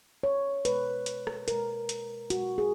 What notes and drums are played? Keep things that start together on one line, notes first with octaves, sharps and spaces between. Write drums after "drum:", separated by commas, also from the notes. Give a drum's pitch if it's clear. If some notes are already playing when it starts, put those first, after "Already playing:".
C#5
B2 G#3 B4, drum: hi-hat
drum: hi-hat
drum: rim click
B2 G#3 A#4, drum: hi-hat
drum: hi-hat
B2 G#3 F#4, drum: hi-hat
G#4